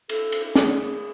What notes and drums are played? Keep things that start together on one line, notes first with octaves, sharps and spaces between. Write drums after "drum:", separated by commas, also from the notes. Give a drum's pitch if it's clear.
A4, drum: cymbal
drum: cymbal
G#4, drum: snare